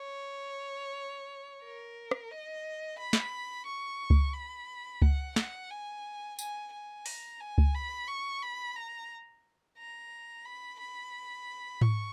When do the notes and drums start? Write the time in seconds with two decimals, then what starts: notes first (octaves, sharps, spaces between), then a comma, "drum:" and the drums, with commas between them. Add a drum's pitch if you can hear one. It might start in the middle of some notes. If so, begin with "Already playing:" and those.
Already playing: C#5
1.63 A#4
2.11 drum: rim click
2.31 D#5
2.98 B5
3.13 drum: snare
3.66 C#6
4.10 drum: kick C#2
4.34 B5
5.02 F#5, drum: kick C#2
5.36 F#5, drum: snare
5.70 G#5
6.39 G#5, drum: tambourine
6.72 G#5
7.06 A#5, drum: open hi-hat
7.40 G#5
7.58 drum: kick C#2
7.75 B5
8.08 C#6
8.42 B5
8.76 A#5
9.78 A#5
10.45 B5
10.79 B5
11.81 C#6, drum: tom G#2